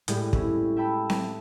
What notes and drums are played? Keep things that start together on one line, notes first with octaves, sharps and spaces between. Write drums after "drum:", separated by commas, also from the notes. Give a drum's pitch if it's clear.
A2 G3 G#3 D4 G4 G#4, drum: hi-hat
C4 C#4 E4, drum: kick
E5 G5 A5 B5 E6
drum: snare C4